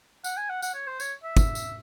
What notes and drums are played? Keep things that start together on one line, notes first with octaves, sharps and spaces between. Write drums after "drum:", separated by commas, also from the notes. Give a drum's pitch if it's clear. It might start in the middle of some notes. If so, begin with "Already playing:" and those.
F#5, drum: tambourine
G#5
F#5
F#5, drum: tambourine
C#5
C5
C#5, drum: tambourine
E5
drum: kick, tambourine
drum: tambourine